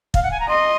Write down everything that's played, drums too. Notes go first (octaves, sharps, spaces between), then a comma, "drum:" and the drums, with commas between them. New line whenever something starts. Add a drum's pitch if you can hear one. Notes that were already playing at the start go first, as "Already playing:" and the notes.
F5, drum: kick
F#5
G#5
A#5
D#5 C6